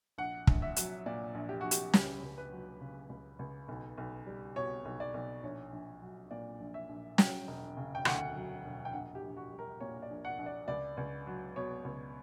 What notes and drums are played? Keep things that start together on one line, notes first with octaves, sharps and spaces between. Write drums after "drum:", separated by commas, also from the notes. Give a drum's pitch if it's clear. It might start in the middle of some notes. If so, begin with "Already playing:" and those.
A#1 F#5
A#1, drum: kick
E5
F#3, drum: hi-hat
A#2 D5
A#1
G4
A#1 F#4
G4, drum: hi-hat
C#2 G4, drum: snare
C#2
B4
F#3
C#3
C#2
C#2
B1
B1
G3
B2 C#5
B1
D5
B1
A#1 C#5
A#1
F#3
A#2 D5
A#1
E5
A#1
F#3 G5, drum: snare
E1
C#3
G5
D2 F#5, drum: rim click
F#3
E1
G5
A#1 F#5
G4
A#1
F#4
G3
A#4
A#2 C#5
D5
A#1
F#5
A#1
D5
C#2 D5
C#2
F#3
B2 C#5
C#2